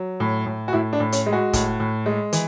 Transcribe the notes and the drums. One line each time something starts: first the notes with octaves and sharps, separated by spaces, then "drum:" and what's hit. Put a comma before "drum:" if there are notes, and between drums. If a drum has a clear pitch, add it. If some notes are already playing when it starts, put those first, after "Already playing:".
Already playing: F#3
A2
A2
F#4
A2 E4
D4
A2
C#4, drum: hi-hat
G#3
F#4
A2, drum: kick, hi-hat
A2
G#3
E3, drum: hi-hat